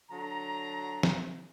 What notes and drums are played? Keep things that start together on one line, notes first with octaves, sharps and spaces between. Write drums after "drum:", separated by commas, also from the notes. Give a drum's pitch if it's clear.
D3 F#3 A5 A#5
drum: snare